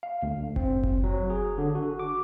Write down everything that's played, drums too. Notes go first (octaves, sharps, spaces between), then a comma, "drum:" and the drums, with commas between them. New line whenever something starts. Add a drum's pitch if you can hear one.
F5
D2
C4, drum: kick F#1
drum: kick F#1
F#3
G#4
D3
F#4
D6